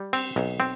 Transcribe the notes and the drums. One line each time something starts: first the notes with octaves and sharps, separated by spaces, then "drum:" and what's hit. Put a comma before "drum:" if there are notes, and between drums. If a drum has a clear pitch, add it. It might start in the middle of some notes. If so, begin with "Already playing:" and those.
Already playing: G3
C4, drum: cymbal
B1, drum: rim click
C4, drum: rim click